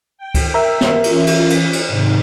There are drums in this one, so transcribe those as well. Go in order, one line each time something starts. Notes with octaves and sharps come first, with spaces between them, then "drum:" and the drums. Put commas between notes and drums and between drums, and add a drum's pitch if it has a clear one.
G5
drum: kick C#2, cymbal
A#4 E5
drum: snare
E3 C#4 F4, drum: cymbal
drum: cymbal
drum: cymbal
drum: cymbal
G#2 C3 D#3